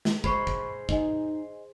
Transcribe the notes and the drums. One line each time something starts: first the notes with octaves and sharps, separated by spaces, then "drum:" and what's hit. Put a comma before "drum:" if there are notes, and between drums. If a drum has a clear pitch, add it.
drum: snare
G#4 C5 B5 C#6, drum: kick
drum: kick
D#4 D#5 G#5, drum: kick